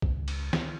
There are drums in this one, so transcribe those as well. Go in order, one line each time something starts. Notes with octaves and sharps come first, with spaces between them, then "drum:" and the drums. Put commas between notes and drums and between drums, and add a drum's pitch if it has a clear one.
C#2, drum: kick
drum: cymbal
drum: snare